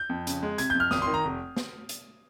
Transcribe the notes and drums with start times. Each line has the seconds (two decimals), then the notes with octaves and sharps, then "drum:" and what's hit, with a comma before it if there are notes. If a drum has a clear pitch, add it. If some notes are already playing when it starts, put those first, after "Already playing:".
Already playing: G6
0.09 F2
0.27 C#3, drum: hi-hat
0.43 G#3
0.58 C3 G#6, drum: hi-hat
0.70 F2 G6
0.80 F6
0.91 G#1 D#6, drum: snare
1.02 C6
1.07 D#3
1.14 A#5
1.25 F1
1.57 drum: snare
1.89 drum: hi-hat